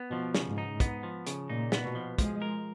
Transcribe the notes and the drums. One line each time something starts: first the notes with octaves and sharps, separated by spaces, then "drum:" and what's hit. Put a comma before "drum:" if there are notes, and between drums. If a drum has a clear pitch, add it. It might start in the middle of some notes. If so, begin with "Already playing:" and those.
Already playing: B3
B2 F3
C#3, drum: snare
G#2
D#4
B3, drum: kick, hi-hat
F3
C#3, drum: hi-hat
A#2 D#4
B3, drum: snare
B2
F3
F3 G#3, drum: kick, hi-hat
A#4